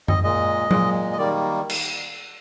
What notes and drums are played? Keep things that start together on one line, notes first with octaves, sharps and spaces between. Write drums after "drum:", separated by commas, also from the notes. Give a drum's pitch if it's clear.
D#5, drum: tom F#2
A#2 G#3 D#5
A#2 G#3, drum: tom F#3
D#5
D#3 G3 A#3 D5
drum: cymbal